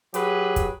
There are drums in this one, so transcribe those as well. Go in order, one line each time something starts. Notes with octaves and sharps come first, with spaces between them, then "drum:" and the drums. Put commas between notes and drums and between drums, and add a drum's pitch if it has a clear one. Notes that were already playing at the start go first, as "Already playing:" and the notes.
F#3 G4 G#4 B4, drum: hi-hat
drum: kick, hi-hat